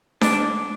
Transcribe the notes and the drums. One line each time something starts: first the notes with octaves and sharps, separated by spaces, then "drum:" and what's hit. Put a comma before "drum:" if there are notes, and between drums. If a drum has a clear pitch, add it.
D4, drum: snare D4